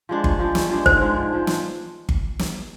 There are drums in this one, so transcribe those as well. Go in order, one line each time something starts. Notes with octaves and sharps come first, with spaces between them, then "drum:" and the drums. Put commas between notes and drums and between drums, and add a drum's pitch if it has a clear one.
F3 G#3 D4
G2, drum: kick G1
F3 G#3 D4
G2, drum: snare
F3 G#3 D4
G#2 C5, drum: kick G1
F3 G#3 D4
G#2
F3 G#3 D4
drum: snare
drum: kick G1
drum: snare